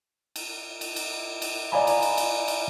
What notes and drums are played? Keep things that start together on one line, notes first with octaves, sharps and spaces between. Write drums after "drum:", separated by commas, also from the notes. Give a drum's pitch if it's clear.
drum: cymbal
drum: cymbal
drum: cymbal
drum: cymbal
D5 D#5 F5 G#5 A#5 B5
drum: cymbal
drum: cymbal
drum: cymbal
drum: cymbal